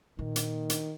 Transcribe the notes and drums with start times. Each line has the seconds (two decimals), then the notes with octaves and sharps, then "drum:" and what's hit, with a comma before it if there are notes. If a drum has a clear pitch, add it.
0.19 A#2 D#3
0.36 drum: hi-hat
0.70 drum: hi-hat